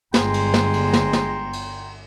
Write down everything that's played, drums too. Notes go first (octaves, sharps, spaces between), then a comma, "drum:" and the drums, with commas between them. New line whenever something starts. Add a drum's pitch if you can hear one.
G1 G#3 G5 A#5 C6, drum: snare
drum: cymbal
drum: snare
drum: cymbal
drum: snare
drum: snare
drum: cymbal